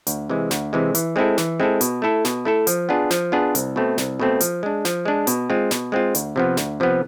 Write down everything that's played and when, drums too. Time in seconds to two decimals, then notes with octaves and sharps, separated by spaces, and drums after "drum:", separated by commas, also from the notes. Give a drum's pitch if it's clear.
0.07 D2, drum: hi-hat
0.29 C3 E3 G#3
0.51 D2, drum: snare
0.73 C3 E3 G#3
0.95 E3, drum: hi-hat
1.16 G#3 C4 E4 A4
1.38 E3, drum: snare
1.60 G#3 C4 E4 A4
1.81 B2, drum: hi-hat
2.02 A3 E4 A4
2.25 B2, drum: snare
2.45 A3 E4 A4
2.67 F3, drum: hi-hat
2.89 B3 D4 F4 G#4
3.11 F3, drum: snare
3.32 B3 D4 F4 G#4
3.55 C2, drum: hi-hat
3.76 B2 A3 C4
3.98 C2, drum: snare
4.20 B2 A3 C4
4.41 F3, drum: hi-hat
4.63 G#3 D4
4.85 F3, drum: snare
5.05 G#3 D4
5.27 B2, drum: hi-hat
5.50 G#3 C4 F4
5.71 B2, drum: snare
5.92 G#3 C4 F4
6.15 D2, drum: hi-hat
6.36 C3 F3 B3
6.57 D2, drum: snare
6.80 C3 F3 B3